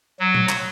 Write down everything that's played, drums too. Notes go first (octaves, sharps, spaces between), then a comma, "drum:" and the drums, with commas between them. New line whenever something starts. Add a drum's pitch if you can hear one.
F#3
drum: tom A#2
drum: clap